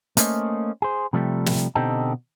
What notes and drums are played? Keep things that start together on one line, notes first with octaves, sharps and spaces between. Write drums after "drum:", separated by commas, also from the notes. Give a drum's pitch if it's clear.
A3 A#3 C#4 C5 D#5, drum: hi-hat
G#4 C5
C3 F3 G3 A3
drum: snare
B2 D3 C4 D#4 G4 A4